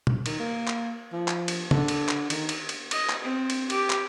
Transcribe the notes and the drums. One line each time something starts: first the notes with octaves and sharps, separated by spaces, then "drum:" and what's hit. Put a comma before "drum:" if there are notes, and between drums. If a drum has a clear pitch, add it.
drum: tom
D#3, drum: cymbal
A#3
drum: clap
F3
drum: clap
drum: cymbal
D3, drum: tom
drum: cymbal
drum: clap
D#3, drum: cymbal
drum: cymbal
drum: cymbal
D#5, drum: cymbal
drum: clap
C4
drum: cymbal
G4, drum: cymbal
drum: clap